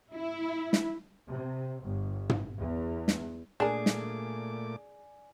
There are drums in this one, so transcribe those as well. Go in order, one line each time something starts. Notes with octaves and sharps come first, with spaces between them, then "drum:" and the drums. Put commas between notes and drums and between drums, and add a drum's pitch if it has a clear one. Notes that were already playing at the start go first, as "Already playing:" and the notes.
E4
drum: snare
C3
G1
drum: tom
E2
drum: snare
A#2 A3 D4 G#4 A#4 D5 G#5 D6
drum: snare